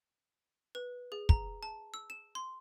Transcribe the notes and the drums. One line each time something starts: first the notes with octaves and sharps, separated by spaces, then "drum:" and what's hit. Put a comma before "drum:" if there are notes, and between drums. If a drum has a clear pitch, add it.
B4
G#4
A#5, drum: kick
A5
E6
E7
C6